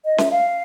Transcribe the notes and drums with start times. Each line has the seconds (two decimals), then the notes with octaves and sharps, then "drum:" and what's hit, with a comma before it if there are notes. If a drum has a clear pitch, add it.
0.05 D#5
0.18 E5, drum: snare C#4
0.31 F5